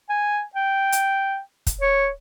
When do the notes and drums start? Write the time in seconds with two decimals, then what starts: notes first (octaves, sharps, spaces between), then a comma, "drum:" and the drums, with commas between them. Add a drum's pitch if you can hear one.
0.09 G#5
0.55 G5
0.92 drum: hi-hat
1.67 drum: kick, hi-hat
1.81 C#5